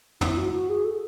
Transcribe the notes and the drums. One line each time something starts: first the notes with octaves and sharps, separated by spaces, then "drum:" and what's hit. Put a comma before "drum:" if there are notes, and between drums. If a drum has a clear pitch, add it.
E4, drum: tom
F#4
F#4
G#4
A4